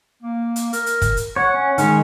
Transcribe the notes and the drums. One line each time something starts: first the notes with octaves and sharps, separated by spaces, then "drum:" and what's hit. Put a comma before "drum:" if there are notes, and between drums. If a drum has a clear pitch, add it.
A#3
drum: hi-hat
A#4, drum: hi-hat
drum: hi-hat
drum: kick, hi-hat
drum: hi-hat
C#5 F#5
C#4
D#3 G#3 C#4, drum: hi-hat